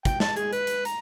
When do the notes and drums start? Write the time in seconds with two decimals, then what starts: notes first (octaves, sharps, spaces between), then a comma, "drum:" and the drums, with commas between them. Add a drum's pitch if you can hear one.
0.05 G5, drum: kick, hi-hat
0.20 A5, drum: snare
0.37 G#4, drum: hi-hat
0.53 B4, drum: hi-hat
0.67 drum: hi-hat
0.85 A#5, drum: hi-hat